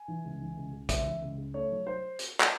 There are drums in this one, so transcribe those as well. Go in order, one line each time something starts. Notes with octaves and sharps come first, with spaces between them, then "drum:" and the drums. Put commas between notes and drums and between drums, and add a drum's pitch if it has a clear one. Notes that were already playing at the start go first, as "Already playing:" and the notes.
Already playing: G#5
E3
C#2
E3
C#2
C#3
C#2 E5, drum: kick, hi-hat
E3
C#2
C#3
A3 C#5
F#3
C5
drum: hi-hat
drum: clap